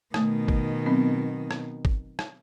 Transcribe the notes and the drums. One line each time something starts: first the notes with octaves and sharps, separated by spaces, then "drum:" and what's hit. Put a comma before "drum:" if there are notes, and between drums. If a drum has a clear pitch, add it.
B2 D#3 A3 D#6, drum: rim click
drum: kick
F#3 B3 C4
drum: rim click
drum: kick
drum: rim click